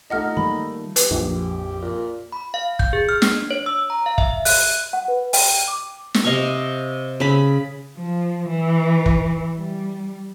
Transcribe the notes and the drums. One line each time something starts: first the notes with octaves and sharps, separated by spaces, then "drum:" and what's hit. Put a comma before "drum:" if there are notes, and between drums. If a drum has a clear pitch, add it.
A3 D#4 F4 D#5 F#5 F6
D#3 G3 A#3 B5
G4 B4, drum: hi-hat
A#1 F2
A#2
B5
F5
G6, drum: kick
G#4
F6
D4, drum: snare
C#5
E6
A#5
F5
E5, drum: kick
F#6, drum: open hi-hat
F#5
B4
G5, drum: open hi-hat
D6
drum: snare
C3 D#5 F5 C#6
C#3 B5
F3
E3
drum: kick
G3